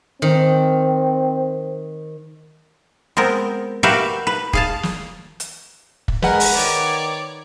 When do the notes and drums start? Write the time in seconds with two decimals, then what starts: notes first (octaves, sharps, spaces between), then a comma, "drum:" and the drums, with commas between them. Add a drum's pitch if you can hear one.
0.22 D#3 C4
3.17 G#3 B3 C4 A#4
3.83 F#4 G4 A#4 B4 E5 F5
4.27 B4
4.53 G#4 F5 A5, drum: kick
4.83 drum: snare
5.40 drum: hi-hat
6.08 drum: kick
6.22 G#3 A#4 B4 F#5, drum: snare
6.40 drum: open hi-hat
6.55 D#3 C#5 D5